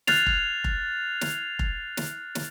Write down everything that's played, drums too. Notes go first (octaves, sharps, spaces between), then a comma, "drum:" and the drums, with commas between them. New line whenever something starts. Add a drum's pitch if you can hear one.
F6 F#6 G#6 A6 C7 F7, drum: snare
drum: kick F1
drum: kick F1
drum: snare
drum: kick F1
drum: snare
drum: snare